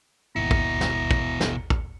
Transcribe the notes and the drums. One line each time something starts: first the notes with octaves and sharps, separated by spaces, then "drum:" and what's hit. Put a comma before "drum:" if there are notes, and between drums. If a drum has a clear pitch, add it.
G#1 D#2 B2 E4 A#5 C#7
drum: kick
drum: snare
drum: kick
drum: snare
drum: kick